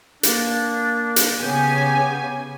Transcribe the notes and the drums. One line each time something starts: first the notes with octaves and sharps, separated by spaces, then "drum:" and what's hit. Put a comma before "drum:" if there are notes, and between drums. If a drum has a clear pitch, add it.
A#3 D4, drum: hi-hat
drum: hi-hat
C#3 B3 G4 G#5